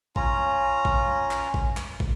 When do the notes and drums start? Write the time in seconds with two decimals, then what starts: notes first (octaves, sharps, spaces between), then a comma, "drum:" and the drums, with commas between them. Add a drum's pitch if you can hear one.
0.16 C#4 F4 A#5, drum: kick
0.85 drum: kick
1.31 drum: clap
1.54 drum: kick
1.77 drum: clap
2.00 drum: kick